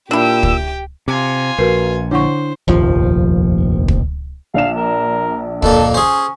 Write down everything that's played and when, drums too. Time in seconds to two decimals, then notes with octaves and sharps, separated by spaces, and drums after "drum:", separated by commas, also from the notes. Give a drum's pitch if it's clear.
0.11 A#2 D4 E4 G4 G5 E6
0.43 drum: kick
1.08 C3 F4 G#5 D6
1.59 A#1 F#4 A#4 B4 C7
2.11 D3 D4 E4 C5 F#5 C#6
2.68 F1 A#1 D#2 F3
3.88 drum: kick
4.54 A#1 D4 F5 E7
4.76 A#4
5.63 F2 A#2 A#3 A4, drum: kick
5.94 C#4 G#4 C5